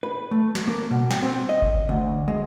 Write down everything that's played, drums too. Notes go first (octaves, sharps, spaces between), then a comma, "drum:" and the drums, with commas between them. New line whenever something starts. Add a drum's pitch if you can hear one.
B4
A3
drum: snare
A#3
B2
G5, drum: snare
C4
D#5
drum: kick G1
D2
G#3